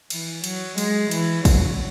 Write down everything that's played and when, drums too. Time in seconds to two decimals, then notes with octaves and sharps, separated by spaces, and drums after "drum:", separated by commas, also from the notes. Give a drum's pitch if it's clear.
0.10 E3, drum: cymbal
0.44 F#3, drum: cymbal
0.78 G#3, drum: cymbal
1.11 E3, drum: cymbal
1.45 F#3, drum: kick, cymbal